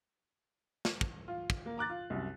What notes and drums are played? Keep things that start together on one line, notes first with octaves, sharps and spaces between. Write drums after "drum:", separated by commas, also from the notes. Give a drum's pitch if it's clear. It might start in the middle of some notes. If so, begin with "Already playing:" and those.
drum: snare
drum: kick
F4
drum: kick
A#3
A#5 D6 F#6 A6
F4
C2 F#2